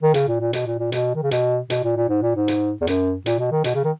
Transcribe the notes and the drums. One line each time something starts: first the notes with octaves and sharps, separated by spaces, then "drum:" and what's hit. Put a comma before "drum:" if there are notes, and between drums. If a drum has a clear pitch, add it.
D#3
C#3, drum: hi-hat
A#2
A#2
B2, drum: hi-hat
A#2
A#2
B2, drum: hi-hat
D#3
C#3
B2, drum: hi-hat
B2, drum: hi-hat
A#2
A#2
G#2
A#2
G#2
drum: hi-hat
E2
F#2, drum: hi-hat
A#2, drum: hi-hat
B2
D#3
B2, drum: hi-hat
C#3
D#3